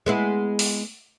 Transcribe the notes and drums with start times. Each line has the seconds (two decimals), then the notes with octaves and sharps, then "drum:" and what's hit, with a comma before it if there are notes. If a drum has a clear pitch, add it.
0.06 G#3 B3 E4
0.59 drum: open hi-hat